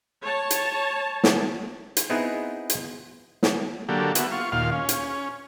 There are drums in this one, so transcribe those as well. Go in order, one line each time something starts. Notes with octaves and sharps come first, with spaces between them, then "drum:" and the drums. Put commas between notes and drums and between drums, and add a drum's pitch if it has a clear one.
C#5 A5
drum: hi-hat
drum: snare
drum: hi-hat
B3 C4 D#4 E4 G#4 B4
drum: hi-hat
drum: snare
D3 F#3 A#3 G4 A4
B3 F#4 E5, drum: hi-hat
F4 C#6
D#2 A#2 F4 F5
C#4
drum: hi-hat